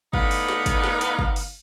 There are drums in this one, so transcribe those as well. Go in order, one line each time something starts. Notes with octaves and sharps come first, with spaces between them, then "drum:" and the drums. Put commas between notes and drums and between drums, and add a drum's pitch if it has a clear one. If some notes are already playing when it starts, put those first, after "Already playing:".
A2 B3 D#4 B4 D5 F5, drum: kick
drum: open hi-hat
drum: snare
drum: kick, hi-hat
drum: snare
drum: hi-hat
drum: kick
drum: open hi-hat